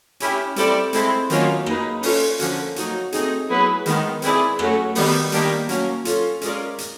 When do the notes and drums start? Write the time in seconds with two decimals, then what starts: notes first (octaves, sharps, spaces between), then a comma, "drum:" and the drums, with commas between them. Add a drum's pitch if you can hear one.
0.20 C#4 E4 G4, drum: hi-hat
0.56 G3 C4 E4 A4 D5, drum: hi-hat
0.93 G#3 C4 E4 A4, drum: hi-hat
1.30 D#3 F#3 A#3 C#4 F4, drum: hi-hat
1.66 A#3 D#4 G#4 B4, drum: rim click
2.03 C#4 F4 A4 C#5, drum: open hi-hat
2.39 D3 F3 A#3 C#4 F#4, drum: hi-hat
2.76 F#3 A#3 D#4 F#4, drum: hi-hat
3.12 A3 C4 D#4 G#4, drum: hi-hat
3.49 F#3 B3 E4 G#4 B4
3.86 D#3 G#3 B3, drum: hi-hat
4.22 C4 E4 G#4 B4 D5, drum: hi-hat
4.59 F#3 A3 C#4 F#4, drum: rim click
4.95 D#3 G3 B3, drum: open hi-hat
5.32 D#3 G3 A#3 D4 G4, drum: hi-hat
5.69 F#3 A#3 C#4, drum: hi-hat
6.05 C#4 F4 A4, drum: hi-hat
6.41 G#3 C#4 F4 A#4 D5, drum: hi-hat
6.78 drum: hi-hat